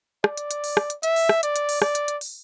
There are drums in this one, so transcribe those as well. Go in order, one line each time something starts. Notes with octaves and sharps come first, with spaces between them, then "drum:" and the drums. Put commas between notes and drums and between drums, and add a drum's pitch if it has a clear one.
D5, drum: rim click
drum: hi-hat
drum: hi-hat
drum: open hi-hat
drum: rim click
drum: hi-hat
E5, drum: hi-hat
drum: open hi-hat
drum: rim click
D5, drum: hi-hat
drum: hi-hat
drum: open hi-hat
D5, drum: rim click
drum: hi-hat
drum: hi-hat
drum: open hi-hat